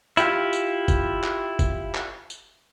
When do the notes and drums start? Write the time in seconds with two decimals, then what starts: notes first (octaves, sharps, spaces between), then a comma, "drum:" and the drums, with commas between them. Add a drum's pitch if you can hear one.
0.17 E4 F4 G4, drum: tambourine
0.53 drum: tambourine
0.88 drum: kick F#1, tambourine
1.24 drum: clap
1.59 drum: kick F#1, tambourine
1.95 drum: clap
2.30 drum: tambourine